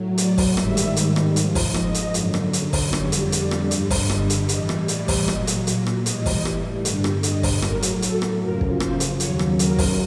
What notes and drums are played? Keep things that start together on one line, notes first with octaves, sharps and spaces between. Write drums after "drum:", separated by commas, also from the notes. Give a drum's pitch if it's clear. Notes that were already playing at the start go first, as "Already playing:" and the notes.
Already playing: A2 F#3
D5, drum: hi-hat
drum: kick, open hi-hat
G#2 D#3 G3 E5, drum: rim click
drum: hi-hat
drum: hi-hat
drum: rim click
G#2 F3, drum: hi-hat
drum: kick, open hi-hat
D#5, drum: rim click
drum: hi-hat
F#2 D3 F#3, drum: hi-hat
drum: rim click
drum: hi-hat
drum: kick, open hi-hat
F2 D3 G3 C#5, drum: rim click
drum: hi-hat
D5, drum: hi-hat
drum: rim click
G2 D3 G3, drum: hi-hat
drum: kick, open hi-hat
D#5, drum: rim click
drum: hi-hat
A2 E3 G3 D#5, drum: hi-hat
drum: rim click
D5, drum: hi-hat
drum: kick, open hi-hat
A#2 F#3 D#5, drum: rim click
drum: hi-hat
drum: hi-hat
drum: rim click
A2 E3 G3 D#5, drum: hi-hat
drum: kick, open hi-hat
drum: rim click
G2 D3 G3, drum: hi-hat
drum: rim click
D#5, drum: hi-hat
drum: kick, open hi-hat
A2 F#3 A#4, drum: rim click
drum: hi-hat
A4, drum: hi-hat
drum: rim click
F#2 C#3 F3 A#4
drum: kick
C5, drum: rim click
drum: hi-hat
D#2 C#3 F#3 C#5, drum: hi-hat
drum: rim click
A#4, drum: hi-hat
drum: kick, open hi-hat